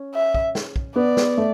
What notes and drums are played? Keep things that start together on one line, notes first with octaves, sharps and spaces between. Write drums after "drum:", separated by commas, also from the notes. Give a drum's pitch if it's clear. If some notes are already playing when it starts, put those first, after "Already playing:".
Already playing: C#4
E5
drum: kick
drum: snare
drum: kick
B3 D5
drum: snare
A3